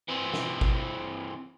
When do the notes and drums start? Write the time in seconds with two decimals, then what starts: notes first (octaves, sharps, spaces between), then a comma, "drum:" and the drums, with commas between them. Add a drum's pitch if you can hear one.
0.08 E3 C4
0.34 drum: snare
0.61 drum: kick G#1